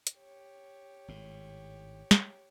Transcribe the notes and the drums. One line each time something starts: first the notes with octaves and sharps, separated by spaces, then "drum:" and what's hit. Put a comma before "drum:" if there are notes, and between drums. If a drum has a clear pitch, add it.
drum: hi-hat
G4 C#5
G#1 A2
drum: snare